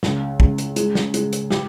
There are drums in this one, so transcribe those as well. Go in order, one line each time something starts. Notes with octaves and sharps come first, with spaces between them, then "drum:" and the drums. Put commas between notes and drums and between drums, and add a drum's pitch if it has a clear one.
C#2, drum: snare
C#2, drum: kick
drum: hi-hat
G#3, drum: hi-hat
drum: snare
G#3, drum: hi-hat
drum: hi-hat
G4, drum: snare